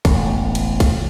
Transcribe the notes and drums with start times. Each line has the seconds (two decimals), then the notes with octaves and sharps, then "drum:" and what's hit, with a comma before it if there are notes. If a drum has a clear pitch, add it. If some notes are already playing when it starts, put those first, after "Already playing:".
0.05 E1 A1, drum: kick, cymbal
0.55 drum: cymbal
0.80 drum: kick, cymbal